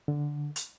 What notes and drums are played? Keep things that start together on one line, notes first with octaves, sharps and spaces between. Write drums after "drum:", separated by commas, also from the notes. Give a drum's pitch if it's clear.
D3
drum: hi-hat